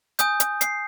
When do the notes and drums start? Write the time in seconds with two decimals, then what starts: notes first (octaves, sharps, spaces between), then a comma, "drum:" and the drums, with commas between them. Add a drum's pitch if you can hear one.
0.19 G#5 D#6 G6, drum: hi-hat
0.40 drum: hi-hat
0.61 C7, drum: hi-hat